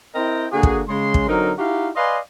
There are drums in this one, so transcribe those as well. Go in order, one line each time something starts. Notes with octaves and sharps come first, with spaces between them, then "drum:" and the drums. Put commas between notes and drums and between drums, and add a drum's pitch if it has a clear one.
C4 E4 A#4 D#5 G5
D3 A#3 F#4 G#4
drum: kick
C#3 G#3 C6
drum: kick
D3 F#3 C4 D#4 A#4
D#4 E4 F#4 G4 F5
B4 D5 D#5 F5 G#5 C6